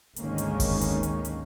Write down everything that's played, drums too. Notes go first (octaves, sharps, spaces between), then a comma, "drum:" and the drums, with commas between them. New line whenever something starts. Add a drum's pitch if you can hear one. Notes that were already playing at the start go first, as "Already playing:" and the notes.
G#1 D2 D#3 G#3 A#3 C#4, drum: hi-hat
drum: hi-hat
drum: kick F#1, open hi-hat
drum: hi-hat
drum: hi-hat
drum: hi-hat